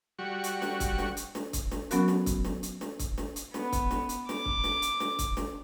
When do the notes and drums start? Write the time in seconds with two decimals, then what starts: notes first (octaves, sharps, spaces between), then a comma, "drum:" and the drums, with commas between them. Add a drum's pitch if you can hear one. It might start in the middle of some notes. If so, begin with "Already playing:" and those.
0.19 G3 F#4 C#6
0.44 drum: hi-hat
0.62 drum: snare
0.80 drum: kick, hi-hat
0.98 drum: snare
1.17 drum: hi-hat
1.35 drum: snare
1.53 drum: kick, hi-hat
1.71 drum: snare
1.91 F#3 B3 C#4 F#4 A#4, drum: hi-hat
2.08 drum: snare
2.26 drum: kick, hi-hat
2.45 drum: snare
2.63 drum: hi-hat
2.81 drum: snare
2.99 drum: kick, hi-hat
3.18 drum: snare
3.36 drum: hi-hat
3.54 B3, drum: snare
3.72 drum: kick, hi-hat
3.91 drum: snare
4.09 drum: hi-hat
4.29 D6, drum: snare
4.45 drum: kick
4.64 drum: snare
4.82 drum: hi-hat
5.00 drum: snare
5.19 drum: kick, hi-hat
5.37 drum: snare